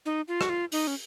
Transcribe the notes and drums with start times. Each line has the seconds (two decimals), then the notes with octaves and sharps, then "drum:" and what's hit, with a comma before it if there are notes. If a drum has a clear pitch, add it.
0.05 D#4
0.28 F4
0.41 F#4, drum: rim click
0.49 F4
0.72 D#4, drum: open hi-hat
0.87 C#4